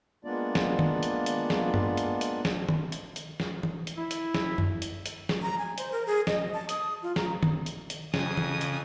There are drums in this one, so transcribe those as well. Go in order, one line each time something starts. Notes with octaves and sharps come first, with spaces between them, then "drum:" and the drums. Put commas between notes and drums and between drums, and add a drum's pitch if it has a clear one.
G#3 A#3 B3 D4 F4 D5
drum: snare
drum: tom
drum: hi-hat
drum: hi-hat
drum: snare
drum: tom
drum: hi-hat
drum: hi-hat
drum: snare
drum: tom
drum: hi-hat
drum: hi-hat
drum: snare
drum: tom
drum: hi-hat
E4
drum: hi-hat
drum: snare
drum: tom
drum: hi-hat
drum: hi-hat
drum: snare
A#5
G#5
C5, drum: hi-hat
A#4
G#4
D#5, drum: snare
A5
D#6, drum: hi-hat
F4
A#5, drum: snare
drum: tom
drum: hi-hat
drum: hi-hat
F2 C#3 G#5 D#6, drum: snare
drum: tom
drum: hi-hat